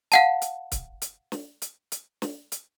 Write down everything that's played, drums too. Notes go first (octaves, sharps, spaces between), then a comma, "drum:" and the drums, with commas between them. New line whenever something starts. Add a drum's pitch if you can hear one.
F5 F#5 A5, drum: hi-hat
drum: hi-hat
drum: kick C#1, hi-hat
drum: hi-hat
drum: snare
drum: hi-hat
drum: hi-hat
drum: snare
drum: hi-hat